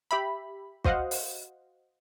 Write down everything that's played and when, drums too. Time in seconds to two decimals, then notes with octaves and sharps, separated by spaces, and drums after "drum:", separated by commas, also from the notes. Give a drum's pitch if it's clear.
0.11 G4 E5 B5
0.85 F#4 C5 D#5 F5 F#5, drum: kick
1.11 drum: open hi-hat